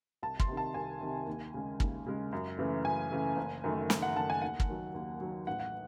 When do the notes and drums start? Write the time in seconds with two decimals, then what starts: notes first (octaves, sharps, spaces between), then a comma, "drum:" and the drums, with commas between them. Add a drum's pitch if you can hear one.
0.23 C2 A5
0.40 C6, drum: kick
0.48 C3 D#3
0.57 A5
0.74 C2 G#5
1.01 C3 D#3
1.27 D#2
1.54 C#3 G#3
1.80 D#2, drum: kick
2.06 C#3 G#3
2.32 F#2
2.58 C#3 E3 A3
2.84 F#2 G#5
3.11 C#3 E3 A3
3.37 F#1
3.64 F#2 D#3 A3
3.90 F#1, drum: snare
4.02 F#5
4.16 F#2 D#3 A3 A5
4.30 G#5
4.42 D#2 F#5
4.60 drum: kick
4.69 D#3 F#3
4.95 D#2
5.21 D#3 F#3
5.47 A1 F#5
5.60 F#5